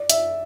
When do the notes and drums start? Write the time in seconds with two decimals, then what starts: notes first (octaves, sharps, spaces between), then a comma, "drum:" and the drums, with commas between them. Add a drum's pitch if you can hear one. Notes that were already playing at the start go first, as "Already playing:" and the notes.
Already playing: D5
0.10 E5, drum: hi-hat